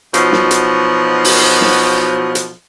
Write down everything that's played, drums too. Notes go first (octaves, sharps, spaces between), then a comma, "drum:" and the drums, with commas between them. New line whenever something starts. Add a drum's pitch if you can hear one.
B2 F3 F#3 D#4, drum: hi-hat
drum: snare
drum: hi-hat
drum: open hi-hat
drum: snare
drum: hi-hat